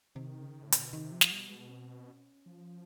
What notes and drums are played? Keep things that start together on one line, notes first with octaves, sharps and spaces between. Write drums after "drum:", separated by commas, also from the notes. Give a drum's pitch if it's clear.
C3 D#3
C#3
A2 D3
A#2, drum: hi-hat
B2
C3 D#3
F3
drum: snare
B2 G3
G#3
C4
C#4
F3